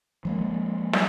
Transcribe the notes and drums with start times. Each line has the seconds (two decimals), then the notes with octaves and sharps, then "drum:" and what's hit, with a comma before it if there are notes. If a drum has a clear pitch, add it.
0.25 F3 G#3 A#3
0.93 drum: snare